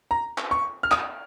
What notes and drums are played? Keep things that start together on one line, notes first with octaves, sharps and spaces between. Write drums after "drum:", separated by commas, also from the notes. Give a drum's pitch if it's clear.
A#5
drum: clap
C#6
F6
D#6, drum: clap